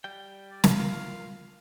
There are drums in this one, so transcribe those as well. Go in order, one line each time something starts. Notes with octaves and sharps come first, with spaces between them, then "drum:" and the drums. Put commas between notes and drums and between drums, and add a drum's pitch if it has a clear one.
G3 G5
D5
F5, drum: snare
F4 A#4